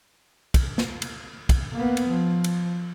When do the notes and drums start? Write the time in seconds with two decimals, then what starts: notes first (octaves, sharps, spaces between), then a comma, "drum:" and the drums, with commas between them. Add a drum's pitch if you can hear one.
0.54 drum: kick, cymbal
0.78 drum: snare
1.02 drum: cymbal
1.49 drum: kick, cymbal
1.73 A#3 B3
1.97 drum: cymbal
2.09 F3
2.44 drum: cymbal